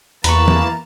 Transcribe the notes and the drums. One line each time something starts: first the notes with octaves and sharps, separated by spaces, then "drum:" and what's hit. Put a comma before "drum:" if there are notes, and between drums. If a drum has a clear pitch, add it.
E2 E3 A#3 B4 A5 A#5 C#6, drum: hi-hat
drum: tom E3